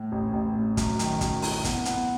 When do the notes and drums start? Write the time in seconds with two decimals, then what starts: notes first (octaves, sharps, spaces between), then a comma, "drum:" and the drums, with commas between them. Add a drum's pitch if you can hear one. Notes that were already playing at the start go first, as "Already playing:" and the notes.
Already playing: A2
0.12 A1
0.33 A1
0.56 A2
0.77 F#2, drum: kick, hi-hat
0.99 D#3, drum: hi-hat
1.21 F#2, drum: kick, hi-hat
1.42 E4, drum: open hi-hat
1.65 B3, drum: kick, hi-hat
1.85 B3, drum: hi-hat